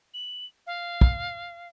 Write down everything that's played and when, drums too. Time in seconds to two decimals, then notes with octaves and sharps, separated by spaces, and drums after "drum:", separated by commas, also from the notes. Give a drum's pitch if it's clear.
0.14 F#7
0.67 F5
1.01 drum: kick